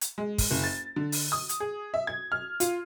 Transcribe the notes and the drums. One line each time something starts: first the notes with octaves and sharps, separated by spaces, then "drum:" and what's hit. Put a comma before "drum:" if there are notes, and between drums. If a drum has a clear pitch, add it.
drum: hi-hat
G#3
drum: kick, open hi-hat
F#1
A6
D3
drum: open hi-hat
D#6
drum: hi-hat
G#4
E5
G#6
F6
F4, drum: hi-hat